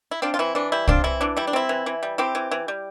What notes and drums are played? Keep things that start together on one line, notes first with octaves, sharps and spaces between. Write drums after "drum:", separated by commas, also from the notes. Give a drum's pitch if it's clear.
E4
C4 D4 F4
F4
E3 E4
E3 D4
G3 E4
C4 D4 F4, drum: kick C2
E3 E4
E3 D4
G3 E4
D4
C4 E4
E3
E3
G3
C4 E4 G4
E3
E3
G3